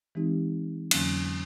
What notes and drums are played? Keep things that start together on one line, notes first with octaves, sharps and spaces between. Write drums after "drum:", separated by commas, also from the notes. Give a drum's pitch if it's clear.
E3 G#3 C4 D#4 G4
F2 D3 F#3 A#3 C#4, drum: cymbal